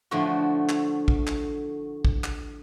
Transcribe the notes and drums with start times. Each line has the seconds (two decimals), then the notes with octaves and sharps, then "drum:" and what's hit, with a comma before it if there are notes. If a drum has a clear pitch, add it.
0.11 A2 D3 F3 A3 F#4
0.69 drum: clap
1.08 drum: kick
1.27 drum: clap
2.05 drum: kick
2.24 drum: clap